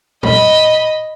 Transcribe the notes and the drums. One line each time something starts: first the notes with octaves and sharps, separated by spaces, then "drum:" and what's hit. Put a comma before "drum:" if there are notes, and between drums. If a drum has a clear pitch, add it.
D#5 B5, drum: tom A#2